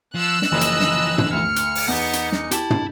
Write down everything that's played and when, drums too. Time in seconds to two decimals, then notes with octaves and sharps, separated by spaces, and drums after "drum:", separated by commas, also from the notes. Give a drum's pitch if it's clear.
0.15 F3 E6 F#6
0.42 drum: snare
0.52 F#1 E3 F3 D#5
0.61 drum: hi-hat
0.80 drum: snare
1.18 drum: tom
1.32 D2 F6 C#7
1.56 drum: hi-hat
1.75 drum: open hi-hat
1.88 E2 D#4 B4 F#5
2.13 drum: hi-hat
2.32 drum: snare
2.51 E4 G4 A5, drum: hi-hat
2.70 drum: tom